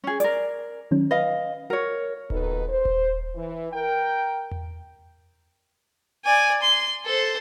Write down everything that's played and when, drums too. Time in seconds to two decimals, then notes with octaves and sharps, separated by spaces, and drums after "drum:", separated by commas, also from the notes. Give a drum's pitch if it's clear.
0.04 C#4 G#4
0.20 A#4 D5, drum: hi-hat
0.91 D#3 F#3 C#4
1.11 B4 D#5 F5
1.70 F#4 A#4 C#5
2.30 F2 B2 D#3 D#4 A4 B4, drum: kick D#1
2.69 C5
2.85 drum: kick D#1
3.35 E3
3.73 A#4 G5
4.51 drum: tom E2
6.25 D5 G#5
6.62 C6
7.05 A4 C5